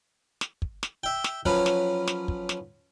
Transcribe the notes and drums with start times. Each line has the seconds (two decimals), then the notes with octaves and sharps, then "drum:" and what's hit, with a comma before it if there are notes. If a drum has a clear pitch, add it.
0.41 drum: snare
0.62 drum: kick
0.83 drum: snare
1.04 E5 G5
1.24 drum: snare
1.46 F3 F#3 C#4 B4, drum: kick
1.66 drum: snare
2.07 drum: snare
2.28 drum: kick
2.49 drum: snare